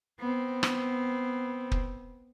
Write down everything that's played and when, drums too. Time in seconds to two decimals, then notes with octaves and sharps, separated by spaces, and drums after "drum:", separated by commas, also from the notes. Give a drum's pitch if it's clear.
0.19 B3 C4
0.63 drum: rim click
1.72 drum: kick